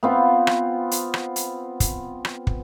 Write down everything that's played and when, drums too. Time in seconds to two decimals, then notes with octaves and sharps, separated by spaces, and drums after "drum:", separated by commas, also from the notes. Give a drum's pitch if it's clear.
0.03 B3 C4 F4
0.47 drum: rim click
0.91 drum: hi-hat
1.14 drum: rim click
1.36 drum: hi-hat
1.80 drum: kick, hi-hat
2.25 drum: rim click
2.47 drum: kick